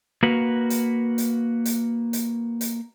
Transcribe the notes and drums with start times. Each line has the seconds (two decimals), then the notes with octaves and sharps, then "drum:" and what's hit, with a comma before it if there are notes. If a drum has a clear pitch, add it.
0.23 A#3 F#4 B4
0.70 drum: hi-hat
1.18 drum: hi-hat
1.65 drum: hi-hat
2.13 drum: hi-hat
2.61 drum: hi-hat